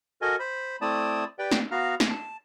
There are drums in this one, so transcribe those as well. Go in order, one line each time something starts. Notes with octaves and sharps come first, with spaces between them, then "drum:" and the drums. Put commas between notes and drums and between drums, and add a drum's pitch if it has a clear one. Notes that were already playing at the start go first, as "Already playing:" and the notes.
F#4 A4 A#4 D#5 G#5
C5 B5
A3 C4 E4 D5 A5 D#6
G4 B4 D5 G5
drum: snare
B3 F#4 F5 A#5 F6
drum: snare
A5